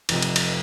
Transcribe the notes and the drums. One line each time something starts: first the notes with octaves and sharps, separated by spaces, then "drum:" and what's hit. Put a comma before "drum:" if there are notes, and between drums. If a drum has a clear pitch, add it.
F1 F2 C3, drum: cymbal
drum: cymbal
drum: cymbal